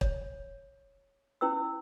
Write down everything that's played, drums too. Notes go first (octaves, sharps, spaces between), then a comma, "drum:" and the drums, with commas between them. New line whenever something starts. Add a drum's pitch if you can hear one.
C#5, drum: kick
C#4 E4 B4 G5 E6